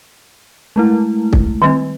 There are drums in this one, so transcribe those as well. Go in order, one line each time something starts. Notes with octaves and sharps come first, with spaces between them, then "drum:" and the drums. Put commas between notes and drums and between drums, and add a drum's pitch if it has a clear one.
G#3 A3 E4
drum: kick
D#3 G3 C4